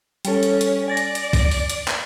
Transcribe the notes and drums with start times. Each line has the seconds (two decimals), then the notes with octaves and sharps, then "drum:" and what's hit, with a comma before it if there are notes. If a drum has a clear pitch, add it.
0.25 G3 C#4 A4, drum: hi-hat
0.43 drum: hi-hat
0.61 drum: hi-hat
0.88 D5 G#5 A6 A#6
0.97 drum: hi-hat
1.15 drum: hi-hat
1.33 drum: kick, open hi-hat
1.51 drum: open hi-hat
1.70 drum: hi-hat
1.88 drum: clap